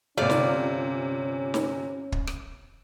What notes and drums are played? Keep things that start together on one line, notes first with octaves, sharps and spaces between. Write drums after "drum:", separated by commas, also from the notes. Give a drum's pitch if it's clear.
G1 C3 C#4 F4 D5
drum: snare
drum: snare
drum: kick
drum: rim click